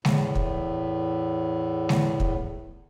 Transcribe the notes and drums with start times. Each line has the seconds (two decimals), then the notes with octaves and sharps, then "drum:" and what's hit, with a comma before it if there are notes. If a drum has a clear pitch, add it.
0.05 E2 A2, drum: snare G#3
0.35 drum: kick
1.89 drum: snare G#3
2.20 drum: kick